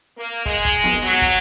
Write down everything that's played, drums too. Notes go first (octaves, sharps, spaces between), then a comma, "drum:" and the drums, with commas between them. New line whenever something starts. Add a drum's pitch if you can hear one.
A#3
G#3, drum: kick, open hi-hat
drum: kick, hi-hat
drum: snare B3
F#3, drum: hi-hat
drum: kick, open hi-hat